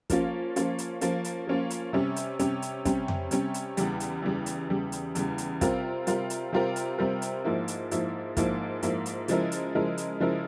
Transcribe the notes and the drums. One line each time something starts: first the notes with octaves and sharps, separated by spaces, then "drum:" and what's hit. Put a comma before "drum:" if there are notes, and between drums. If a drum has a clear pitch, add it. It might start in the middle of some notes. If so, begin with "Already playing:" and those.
F3 A#3 C#4 F4, drum: kick, hi-hat
F3 A#3 C#4 F4, drum: hi-hat
drum: hi-hat
F3 A#3 C#4 F4, drum: hi-hat
drum: hi-hat
F3 A#3 C#4 F4
drum: hi-hat
C3 G3 C#4
drum: hi-hat
C3 G3 C#4, drum: hi-hat
drum: hi-hat
C3 G3 C#4, drum: kick, hi-hat
drum: tom F2
C3 G3 C#4, drum: hi-hat
drum: hi-hat
E2 C#3 G3, drum: hi-hat
drum: hi-hat
E2 C#3 G3
drum: hi-hat
E2 C#3 G3
drum: hi-hat
E2 C#3 G3, drum: hi-hat
drum: hi-hat
C3 G3 C4 F4 A#4, drum: kick, hi-hat
C3 G3 C4 F4 A#4, drum: hi-hat
drum: hi-hat
C3 G3 C4 F4 A#4
drum: hi-hat
C3 G3 C4 F4 A#4
drum: hi-hat
G#2 F3 A#3 E4
drum: hi-hat
G#2 F3 A#3 E4, drum: hi-hat
G#2 F3 A#3 E4, drum: kick, hi-hat
G#2 F3 A#3 E4, drum: hi-hat
drum: hi-hat
C#3 F3 G#3 E4 A#4, drum: hi-hat
drum: hi-hat
C#3 F3 G#3 E4 A#4
drum: hi-hat
C#3 F3 G#3 E4 A#4